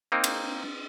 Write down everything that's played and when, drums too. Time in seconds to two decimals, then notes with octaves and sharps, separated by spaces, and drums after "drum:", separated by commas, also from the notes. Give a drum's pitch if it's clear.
0.12 A#3 C4 D#4
0.24 drum: cymbal